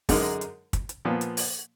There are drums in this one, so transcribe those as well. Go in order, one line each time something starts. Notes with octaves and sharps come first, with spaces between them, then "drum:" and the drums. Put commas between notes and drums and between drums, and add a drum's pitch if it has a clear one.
F#2 D3 G#3 D#4 A#4, drum: kick, open hi-hat
drum: hi-hat
drum: kick, hi-hat
drum: hi-hat
A#2 F3 B3
drum: hi-hat
drum: open hi-hat